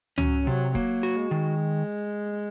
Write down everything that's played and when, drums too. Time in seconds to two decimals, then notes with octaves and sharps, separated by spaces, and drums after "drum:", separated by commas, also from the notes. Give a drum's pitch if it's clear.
0.18 F#3 C#4, drum: tom C#2
0.46 C3 F#3
0.75 F#3 A#3, drum: kick F1
1.03 F#4
1.17 G#3
1.31 D#3